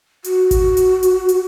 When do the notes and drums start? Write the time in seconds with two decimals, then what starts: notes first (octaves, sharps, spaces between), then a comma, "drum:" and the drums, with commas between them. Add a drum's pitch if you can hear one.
0.24 F#4, drum: hi-hat
0.51 drum: kick G#1, hi-hat
0.77 drum: hi-hat
1.03 drum: hi-hat
1.29 drum: hi-hat